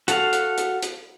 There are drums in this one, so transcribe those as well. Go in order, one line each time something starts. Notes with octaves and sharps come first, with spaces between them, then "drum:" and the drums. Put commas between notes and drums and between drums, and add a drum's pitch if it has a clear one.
F#4 A4 F5, drum: hi-hat
drum: hi-hat
drum: hi-hat
drum: hi-hat